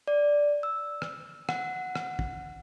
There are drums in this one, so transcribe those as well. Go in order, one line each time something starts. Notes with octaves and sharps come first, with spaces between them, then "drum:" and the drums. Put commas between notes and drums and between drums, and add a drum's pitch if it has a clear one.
D5
E6
drum: rim click
F#5, drum: rim click
drum: rim click
drum: kick